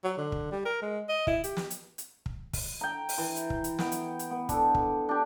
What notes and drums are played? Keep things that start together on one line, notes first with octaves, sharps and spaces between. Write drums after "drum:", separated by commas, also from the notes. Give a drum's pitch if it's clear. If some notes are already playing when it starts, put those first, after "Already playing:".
F#3
D3
drum: kick
G3
A#4
G#3
D#5
E4, drum: kick
G4, drum: hi-hat
drum: snare
drum: hi-hat
drum: hi-hat
drum: kick
drum: kick, open hi-hat
G5 A#5
drum: open hi-hat
E3
drum: hi-hat
drum: kick
drum: hi-hat
B3 G5, drum: snare
drum: hi-hat
drum: hi-hat
B3
D4 A4, drum: kick, hi-hat
drum: kick
D4 G4